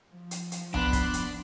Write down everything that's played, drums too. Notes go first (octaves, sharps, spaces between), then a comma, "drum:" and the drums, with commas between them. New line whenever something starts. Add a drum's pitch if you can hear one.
F3
drum: hi-hat
drum: hi-hat
B3 D4 B5 C6 F#6, drum: tom C2
drum: kick, hi-hat
drum: hi-hat